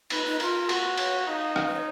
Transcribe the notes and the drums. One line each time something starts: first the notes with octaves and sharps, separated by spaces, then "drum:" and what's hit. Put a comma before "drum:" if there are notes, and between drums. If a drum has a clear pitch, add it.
D#4 B4, drum: cymbal
D#4
F4 A#4, drum: cymbal
F#4, drum: cymbal
C#5, drum: cymbal
D#4 F5
drum: rim click
B4
C#5